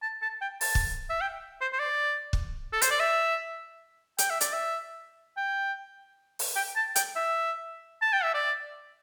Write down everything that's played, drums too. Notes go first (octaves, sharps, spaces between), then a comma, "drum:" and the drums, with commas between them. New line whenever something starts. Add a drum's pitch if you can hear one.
A5
A5
G5
A5, drum: open hi-hat
drum: kick
E5
G5
C5
C5
D5
drum: kick
A4
C5, drum: hi-hat
D5
E5
G5, drum: hi-hat
E5
D5, drum: hi-hat
E5
G5
drum: open hi-hat
G5
A5
G5, drum: hi-hat
E5
A5
G5
E5
D5